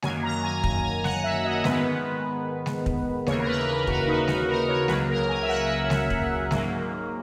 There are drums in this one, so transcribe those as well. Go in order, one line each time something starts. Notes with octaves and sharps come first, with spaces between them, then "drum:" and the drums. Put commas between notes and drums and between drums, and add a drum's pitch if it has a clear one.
F#2 D#3 F#3 A#3 G#5, drum: snare G#3
A#5
G#5
A#5, drum: kick
G#5
F#5, drum: snare G#3
E5
D#5
G#2 D#3 G#3 B3 B4, drum: snare G#3
drum: snare G#3
drum: kick
D#2 C#3 E3 A#3 C#5, drum: snare G#3
A#4
B4
A#4
F#4, drum: kick
D#4
F#4, drum: snare G#3
A#4
C#5
C#2 C#3 F#3 A#3 B4, drum: snare G#3
A#4
G#5
E5
F#5
drum: snare G#3
drum: kick
G#2 F#3 A#3, drum: snare G#3